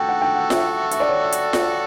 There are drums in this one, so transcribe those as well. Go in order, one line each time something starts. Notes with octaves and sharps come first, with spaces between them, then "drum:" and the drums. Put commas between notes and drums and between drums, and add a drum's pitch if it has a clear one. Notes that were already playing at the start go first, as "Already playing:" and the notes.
Already playing: F#4 A4 G5
F#5
G5
F#5
E5, drum: snare F4
E5, drum: hi-hat
D5
C#5
drum: hi-hat
drum: snare F4